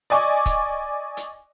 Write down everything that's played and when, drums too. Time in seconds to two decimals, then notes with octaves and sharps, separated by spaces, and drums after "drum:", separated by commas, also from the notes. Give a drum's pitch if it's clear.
0.10 D5 D#5 G#5 C#6 D6
0.46 drum: kick C#1, hi-hat
1.17 drum: hi-hat